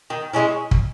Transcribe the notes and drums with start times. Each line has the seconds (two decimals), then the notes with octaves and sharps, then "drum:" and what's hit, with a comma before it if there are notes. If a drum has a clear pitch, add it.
0.10 D#3
0.33 G#3 C#4 E4
0.71 drum: kick